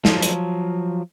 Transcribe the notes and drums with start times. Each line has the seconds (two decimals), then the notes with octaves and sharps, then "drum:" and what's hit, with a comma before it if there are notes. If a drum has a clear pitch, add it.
0.05 F3 F#3, drum: snare
0.22 drum: hi-hat